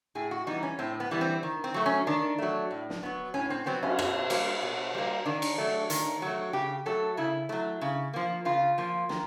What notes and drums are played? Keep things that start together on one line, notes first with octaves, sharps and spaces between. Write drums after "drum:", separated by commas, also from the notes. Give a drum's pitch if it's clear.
A2 G#4
F#4
E3 G3 B3 D#4
C#4
A2 C4
B3
E3 G3 B3
C4
D#3
C4
F#3 A3
C#4
D#3 D4
F#3 A3
A2
drum: snare
F#3 B3
A2 C#4
C4
F#3 B3 C4
C#4, drum: cymbal
B2, drum: rim click
G3 A#3, drum: cymbal
B2
G3 A#3
D#3 D4
drum: cymbal
F#3 A3
D#3, drum: hi-hat
F#3 A3
C#3 G4
F#3 A3 A4
C#3 E4
F#3 A3
C#3
F3 A#3
C#3 F4
F3 A#3
D#3, drum: snare